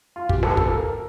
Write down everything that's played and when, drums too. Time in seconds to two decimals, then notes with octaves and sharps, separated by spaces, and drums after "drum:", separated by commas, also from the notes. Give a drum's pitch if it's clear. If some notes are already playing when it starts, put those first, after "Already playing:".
0.16 F4
0.29 G4, drum: kick
0.43 A4, drum: snare
0.57 A4, drum: kick
0.71 A#4